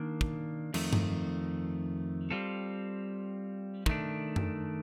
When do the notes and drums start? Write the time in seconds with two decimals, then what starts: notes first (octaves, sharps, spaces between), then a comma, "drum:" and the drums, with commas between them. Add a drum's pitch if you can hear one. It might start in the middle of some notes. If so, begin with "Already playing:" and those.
Already playing: D#3 A#3 D4
0.21 drum: kick
0.74 F2 D#3 A3, drum: cymbal
0.93 drum: tom G2
2.30 G3 C4 F4 A4
3.86 D#3 A3 D4, drum: kick
4.36 drum: tom F#2